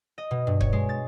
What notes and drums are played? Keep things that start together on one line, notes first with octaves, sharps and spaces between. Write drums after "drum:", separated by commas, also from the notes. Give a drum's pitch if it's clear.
D#5
B2
G2
C#5, drum: kick
G#3
A6